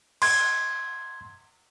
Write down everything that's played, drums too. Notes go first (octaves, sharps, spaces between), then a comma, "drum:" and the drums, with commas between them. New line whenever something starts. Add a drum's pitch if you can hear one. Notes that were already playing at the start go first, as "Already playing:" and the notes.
C6 G#6, drum: cymbal